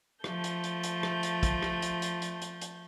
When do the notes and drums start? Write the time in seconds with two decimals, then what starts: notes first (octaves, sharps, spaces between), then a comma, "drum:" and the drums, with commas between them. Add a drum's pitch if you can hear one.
0.24 F3 A3 G6, drum: rim click
0.44 drum: hi-hat
0.64 drum: hi-hat
0.83 drum: hi-hat
1.03 drum: rim click
1.23 drum: hi-hat
1.43 drum: kick, hi-hat
1.63 drum: rim click
1.82 drum: hi-hat
2.02 drum: hi-hat
2.22 drum: hi-hat
2.42 drum: hi-hat
2.61 drum: hi-hat